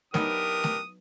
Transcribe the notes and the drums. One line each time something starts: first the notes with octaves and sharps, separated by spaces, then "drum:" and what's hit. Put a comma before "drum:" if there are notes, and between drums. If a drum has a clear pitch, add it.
E3 F#3 B3 D4 D#4 G4 A#4 D#6, drum: snare
drum: snare